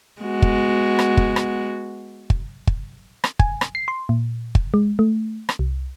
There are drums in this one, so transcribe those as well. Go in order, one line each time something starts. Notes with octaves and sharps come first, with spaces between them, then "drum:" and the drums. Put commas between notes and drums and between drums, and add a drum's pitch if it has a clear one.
G#3 B3 F#4
drum: kick
drum: rim click
drum: kick
drum: rim click
drum: kick
drum: kick
drum: rim click
G#5, drum: kick
drum: rim click
C7
C6
A#2
drum: kick
G#3
A3
drum: rim click
C2